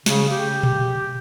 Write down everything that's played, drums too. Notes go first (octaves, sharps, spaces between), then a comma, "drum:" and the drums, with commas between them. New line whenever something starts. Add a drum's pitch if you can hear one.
C#3, drum: snare
G4
drum: tom A#2